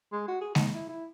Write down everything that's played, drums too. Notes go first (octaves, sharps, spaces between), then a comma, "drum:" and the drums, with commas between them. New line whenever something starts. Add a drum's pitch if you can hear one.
G#3
F#4
G#4
D#4, drum: snare G#3
E4
E4